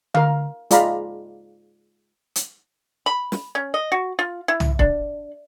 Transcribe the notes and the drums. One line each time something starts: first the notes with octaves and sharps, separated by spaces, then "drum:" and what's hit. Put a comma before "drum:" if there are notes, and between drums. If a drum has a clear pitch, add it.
A#4 F5, drum: tom D3
G#3 F4 D5 F5 A#5 B5, drum: hi-hat
drum: hi-hat
B5
drum: snare
C#4
D#5
F#4
F4
E4
drum: tom
D4, drum: kick C#1